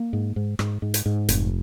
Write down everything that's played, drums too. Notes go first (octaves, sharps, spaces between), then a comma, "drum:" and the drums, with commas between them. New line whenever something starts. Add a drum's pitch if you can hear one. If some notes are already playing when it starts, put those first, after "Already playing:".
Already playing: A#3
G#2
G#2
G#2, drum: rim click
G#2
drum: hi-hat
G#2
F1, drum: hi-hat